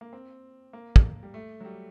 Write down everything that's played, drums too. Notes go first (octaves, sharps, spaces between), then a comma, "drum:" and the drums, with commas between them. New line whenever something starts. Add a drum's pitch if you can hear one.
A#3
C4
A#3
drum: kick
G3
A3
F#3
G3